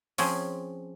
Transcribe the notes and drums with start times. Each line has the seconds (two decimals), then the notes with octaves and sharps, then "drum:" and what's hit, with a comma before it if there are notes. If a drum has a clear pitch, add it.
0.18 F3 C4 C#4 G#4, drum: open hi-hat